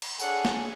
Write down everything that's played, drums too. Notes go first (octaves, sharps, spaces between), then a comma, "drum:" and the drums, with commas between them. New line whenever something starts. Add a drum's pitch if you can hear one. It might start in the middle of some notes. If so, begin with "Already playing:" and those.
drum: cymbal
D4 G#4 A4 C#5 F#5, drum: tambourine
drum: snare